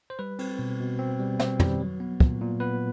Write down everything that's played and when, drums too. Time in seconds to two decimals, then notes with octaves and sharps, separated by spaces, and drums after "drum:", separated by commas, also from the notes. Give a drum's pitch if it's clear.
0.10 C5
0.19 G3 B4
0.39 C4, drum: cymbal
0.59 B2
0.80 B2
0.99 C4
1.19 G3
1.40 C4, drum: snare
1.60 G3, drum: tom
1.80 F#3
2.00 B3
2.20 A#2, drum: kick
2.41 A#2
2.60 B3 B4